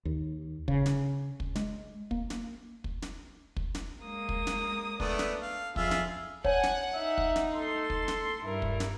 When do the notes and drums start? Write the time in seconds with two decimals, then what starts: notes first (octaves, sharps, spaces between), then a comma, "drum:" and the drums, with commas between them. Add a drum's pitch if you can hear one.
0.05 D#2
0.68 C#3, drum: kick
0.86 drum: snare
1.40 drum: kick
1.55 G#3, drum: snare
2.11 A#3, drum: kick
2.30 drum: snare
2.84 drum: kick
3.02 drum: snare
3.56 drum: kick
3.75 drum: snare
4.05 G#3 A#3 D#6
4.29 drum: kick
4.47 drum: snare
5.00 A3 B3 D4, drum: kick
5.19 drum: snare
5.42 F5
5.76 F2 F4 G#4 E5, drum: kick
5.91 drum: snare
6.44 C#5 D5 F#5 G#5 A5, drum: kick
6.63 drum: snare
6.94 D#4 E5
7.18 drum: kick
7.36 drum: snare
7.54 A4 C6
7.90 drum: kick
8.08 drum: snare
8.44 G2 E4 A#4
8.62 drum: kick
8.80 drum: snare